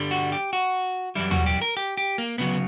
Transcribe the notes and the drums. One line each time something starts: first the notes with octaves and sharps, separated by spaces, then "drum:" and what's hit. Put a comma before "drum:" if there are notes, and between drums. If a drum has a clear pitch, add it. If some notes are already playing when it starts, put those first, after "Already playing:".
Already playing: G2 D3 G3
F#4
G4
F#4
F#2 E3 G3 E4
F#4, drum: tom
G4
A#4
G4
G4
A#3
D2 C#3 F#3 B3